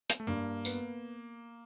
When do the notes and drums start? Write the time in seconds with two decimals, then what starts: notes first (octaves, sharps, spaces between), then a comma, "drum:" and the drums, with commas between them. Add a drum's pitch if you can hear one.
0.10 drum: hi-hat
0.20 A3
0.27 G2 A#3
0.65 B3, drum: tambourine